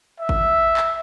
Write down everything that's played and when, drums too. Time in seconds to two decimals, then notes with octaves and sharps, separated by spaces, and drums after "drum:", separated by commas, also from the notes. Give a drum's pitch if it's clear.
0.20 E5
0.29 drum: kick G#1
0.77 drum: clap